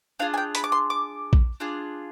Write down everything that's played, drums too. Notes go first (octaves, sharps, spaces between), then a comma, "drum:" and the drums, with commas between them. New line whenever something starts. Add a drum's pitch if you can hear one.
D4 F4 G#4 F5
G#5
G5
B5, drum: hi-hat
D6
C6
D6
drum: kick A#1
D4 F4 G#4